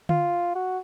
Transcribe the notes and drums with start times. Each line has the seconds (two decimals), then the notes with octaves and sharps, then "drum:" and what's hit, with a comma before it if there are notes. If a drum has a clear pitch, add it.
0.09 F4, drum: tom D3
0.55 F#4